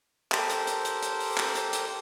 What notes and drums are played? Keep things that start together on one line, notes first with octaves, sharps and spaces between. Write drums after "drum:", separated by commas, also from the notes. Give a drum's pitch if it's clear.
G4 A4 A#4 C5, drum: clap
drum: hi-hat
drum: hi-hat
drum: hi-hat
drum: hi-hat
drum: open hi-hat
drum: clap
drum: hi-hat
drum: hi-hat